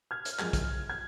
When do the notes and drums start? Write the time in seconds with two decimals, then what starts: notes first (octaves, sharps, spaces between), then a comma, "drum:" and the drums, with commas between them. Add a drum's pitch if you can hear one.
0.11 F6 G#6
0.25 drum: hi-hat
0.39 F#2 F3 G#3 F6 G#6, drum: clap
0.53 drum: kick, hi-hat
0.90 G#6